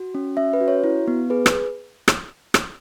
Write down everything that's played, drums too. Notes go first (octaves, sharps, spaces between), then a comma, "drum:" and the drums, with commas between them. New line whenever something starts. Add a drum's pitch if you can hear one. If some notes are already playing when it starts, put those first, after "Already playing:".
Already playing: F#4
C#4
C#4 E5
B4
F#4
C#5
E4
B3
G#4 B4
drum: rim click
drum: rim click
drum: rim click